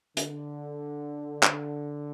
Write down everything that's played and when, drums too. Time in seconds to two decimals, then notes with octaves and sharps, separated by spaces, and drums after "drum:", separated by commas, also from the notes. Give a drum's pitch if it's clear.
0.17 D3, drum: hi-hat
1.43 drum: clap